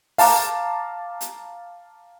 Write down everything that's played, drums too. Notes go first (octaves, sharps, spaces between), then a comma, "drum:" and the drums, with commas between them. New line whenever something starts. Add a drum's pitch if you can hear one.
F5 A5 A#5 D6, drum: open hi-hat
drum: hi-hat